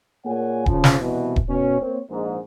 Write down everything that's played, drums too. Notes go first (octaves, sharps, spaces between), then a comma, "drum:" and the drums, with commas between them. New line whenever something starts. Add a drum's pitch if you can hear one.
A#2 A#3 G#4 C#5 F#5 G#5
C#3 F3, drum: kick D#1
drum: snare
C2 B2 E3
drum: kick D#1
B2 C#4
A#3 C4 C#5
A#1 G#2